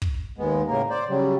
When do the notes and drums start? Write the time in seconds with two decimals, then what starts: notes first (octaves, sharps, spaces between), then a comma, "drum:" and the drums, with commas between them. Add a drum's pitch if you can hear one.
0.02 drum: kick
0.38 D#2 G#3 B3
0.68 A2 C#3 A#3 A#4
0.90 C5 D5
1.08 C#3 F#3 G3